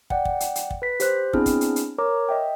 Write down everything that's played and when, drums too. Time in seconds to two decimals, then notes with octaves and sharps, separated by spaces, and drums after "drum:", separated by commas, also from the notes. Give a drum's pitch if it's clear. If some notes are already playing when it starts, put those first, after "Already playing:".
0.10 D5 F#5 G5, drum: kick
0.25 drum: kick
0.40 drum: hi-hat
0.55 drum: hi-hat
0.71 drum: kick
0.82 B4 B6
1.00 G4 C5 F#6, drum: hi-hat
1.33 B3 C4 D4 E4 G#4 F6, drum: kick
1.46 drum: kick, hi-hat
1.61 drum: hi-hat
1.76 drum: hi-hat
1.98 A#4 C#5 A#5 D6
2.29 D#5 E5 G5